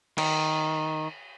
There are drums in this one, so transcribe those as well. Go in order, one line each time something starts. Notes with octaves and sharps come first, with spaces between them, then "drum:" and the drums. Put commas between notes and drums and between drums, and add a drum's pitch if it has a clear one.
D#3, drum: cymbal